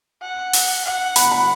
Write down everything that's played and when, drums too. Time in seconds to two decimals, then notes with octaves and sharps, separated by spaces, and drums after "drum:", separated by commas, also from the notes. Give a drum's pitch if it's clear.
0.22 F#5
0.53 drum: open hi-hat
0.85 F#5
1.16 B5, drum: hi-hat
1.32 B5